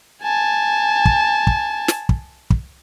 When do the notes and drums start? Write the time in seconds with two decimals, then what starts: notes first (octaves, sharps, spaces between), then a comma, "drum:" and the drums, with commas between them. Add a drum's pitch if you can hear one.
0.23 G#5 A5
1.05 drum: kick
1.47 drum: kick
1.88 drum: snare
2.09 drum: kick
2.50 drum: kick